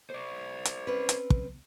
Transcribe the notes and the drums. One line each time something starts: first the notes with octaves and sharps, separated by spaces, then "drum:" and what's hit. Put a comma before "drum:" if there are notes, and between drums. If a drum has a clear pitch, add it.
C5 D5
drum: hi-hat
C4 C#4 B4
drum: hi-hat
drum: kick